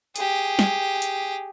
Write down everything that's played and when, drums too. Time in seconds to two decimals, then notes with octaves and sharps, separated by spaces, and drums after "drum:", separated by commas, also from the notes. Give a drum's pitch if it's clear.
0.16 G4 G#4, drum: hi-hat
0.59 drum: snare
1.02 drum: hi-hat